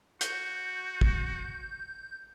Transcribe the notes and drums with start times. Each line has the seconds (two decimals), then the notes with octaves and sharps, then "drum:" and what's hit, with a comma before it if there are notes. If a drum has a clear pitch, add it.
0.21 F#4 G6, drum: hi-hat
1.01 drum: kick